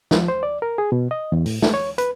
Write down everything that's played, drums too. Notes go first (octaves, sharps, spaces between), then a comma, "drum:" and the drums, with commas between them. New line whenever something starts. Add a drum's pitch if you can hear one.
F3, drum: snare
C5
D5
A#4
G#4
B2
D#5
E2
A2, drum: open hi-hat
A3, drum: snare
C#5
B4, drum: hi-hat